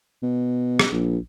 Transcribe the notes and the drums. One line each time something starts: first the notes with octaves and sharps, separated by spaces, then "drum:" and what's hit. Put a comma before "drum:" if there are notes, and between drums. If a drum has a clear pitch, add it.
B2
drum: rim click
A#1